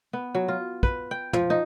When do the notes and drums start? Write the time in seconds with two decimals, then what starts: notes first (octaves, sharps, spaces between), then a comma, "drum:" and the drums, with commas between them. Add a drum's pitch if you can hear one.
0.13 B3
0.35 F#3
0.48 F4
0.83 B4, drum: kick
1.11 G5
1.33 F3, drum: tom
1.50 D#4